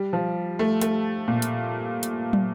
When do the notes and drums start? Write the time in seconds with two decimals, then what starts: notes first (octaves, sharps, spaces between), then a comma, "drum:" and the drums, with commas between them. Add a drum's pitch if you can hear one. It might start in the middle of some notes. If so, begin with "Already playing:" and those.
Already playing: G3
0.13 F3
0.59 A3
0.81 A3, drum: hi-hat
1.28 A#2
1.42 drum: hi-hat
2.03 drum: hi-hat
2.33 drum: tom